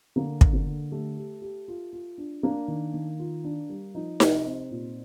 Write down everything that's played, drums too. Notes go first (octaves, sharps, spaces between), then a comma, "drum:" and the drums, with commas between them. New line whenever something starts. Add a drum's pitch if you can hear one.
D3 A#3
D3, drum: kick
A#3
D3
A3 G4
G4
G4
F4
F4
D4
A#3 D4
D#3
D#3
F4
D4
G3
F3 D#4
C3, drum: snare D#4
C4
A#2